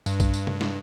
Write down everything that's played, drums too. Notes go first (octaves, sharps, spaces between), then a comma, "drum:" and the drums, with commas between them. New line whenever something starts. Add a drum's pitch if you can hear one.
G2, drum: tambourine
drum: kick A#1, tambourine
drum: tambourine
drum: tom C3
drum: snare